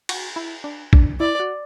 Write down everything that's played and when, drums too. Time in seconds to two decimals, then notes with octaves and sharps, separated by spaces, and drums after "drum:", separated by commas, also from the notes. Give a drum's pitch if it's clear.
0.09 F#4, drum: cymbal
0.36 E4
0.64 D4
0.93 D4, drum: kick
1.20 E4 D5
1.40 F#4